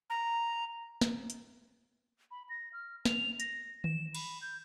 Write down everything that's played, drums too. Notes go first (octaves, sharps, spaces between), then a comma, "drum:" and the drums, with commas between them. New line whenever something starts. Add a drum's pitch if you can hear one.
A#5
drum: snare
drum: hi-hat
B5
A#6
F6
F7, drum: snare
A#6, drum: hi-hat
E7, drum: tom D#3
B5, drum: cymbal
G6